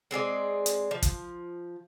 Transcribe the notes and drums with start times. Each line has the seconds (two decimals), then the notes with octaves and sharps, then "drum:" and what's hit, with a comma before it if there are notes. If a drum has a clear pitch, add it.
0.11 G#3 C4 G#4 D5
0.66 drum: hi-hat
0.91 F3
1.02 drum: kick, hi-hat